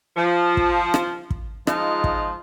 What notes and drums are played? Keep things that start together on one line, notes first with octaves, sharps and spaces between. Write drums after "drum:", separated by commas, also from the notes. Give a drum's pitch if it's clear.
F3
drum: kick
drum: rim click
drum: kick
F3 G#3 D#4 F4, drum: rim click
drum: kick